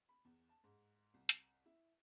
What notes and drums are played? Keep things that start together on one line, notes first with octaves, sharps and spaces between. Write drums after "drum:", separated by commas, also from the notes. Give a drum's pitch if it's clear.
B5
E2
A5
G#2
C2
drum: hi-hat
E4